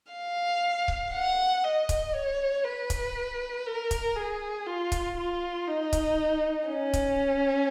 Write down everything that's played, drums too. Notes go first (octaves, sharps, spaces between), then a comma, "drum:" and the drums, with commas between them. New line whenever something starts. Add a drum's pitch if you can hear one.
F5
drum: kick C#1
F#5
D#5
drum: kick C#1, hi-hat
C#5
B4
drum: kick C#1, hi-hat
A#4
drum: kick C#1, hi-hat
G#4
F4
drum: kick C#1, hi-hat
F4
D#4
drum: kick C#1, hi-hat
C#4
drum: kick C#1, hi-hat